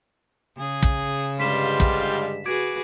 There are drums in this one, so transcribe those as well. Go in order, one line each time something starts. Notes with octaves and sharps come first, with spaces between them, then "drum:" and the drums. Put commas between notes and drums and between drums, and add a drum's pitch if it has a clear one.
C#3 G#4
drum: kick
G2 D3 G3 G#3 F4 C5 B6 E7
drum: kick
F#4 G#4 B4 D6 G#6 D7